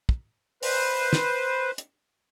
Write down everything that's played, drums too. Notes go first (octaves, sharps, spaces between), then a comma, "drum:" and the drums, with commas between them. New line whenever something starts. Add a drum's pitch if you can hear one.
drum: kick
B4 C5, drum: open hi-hat
drum: snare
drum: hi-hat